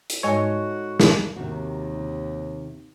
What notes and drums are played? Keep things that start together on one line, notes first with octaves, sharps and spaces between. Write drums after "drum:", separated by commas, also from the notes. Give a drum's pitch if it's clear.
drum: hi-hat
G#2 F#4 A4 C#5 D#5 G#5
drum: snare
D#2 C3 D#3 F#4